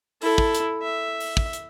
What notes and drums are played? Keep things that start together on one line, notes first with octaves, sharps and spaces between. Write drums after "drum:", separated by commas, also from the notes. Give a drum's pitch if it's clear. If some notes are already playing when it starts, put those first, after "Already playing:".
E4 A4, drum: open hi-hat
drum: kick
drum: hi-hat
E5
drum: open hi-hat
drum: kick
drum: hi-hat